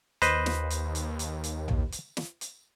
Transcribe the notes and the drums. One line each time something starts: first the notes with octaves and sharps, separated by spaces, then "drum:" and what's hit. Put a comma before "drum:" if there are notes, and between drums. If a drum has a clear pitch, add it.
D#2 B4 C5 D#5, drum: hi-hat
drum: snare
drum: hi-hat
drum: hi-hat
drum: hi-hat
drum: hi-hat
drum: tom A#1
drum: hi-hat
drum: snare
drum: hi-hat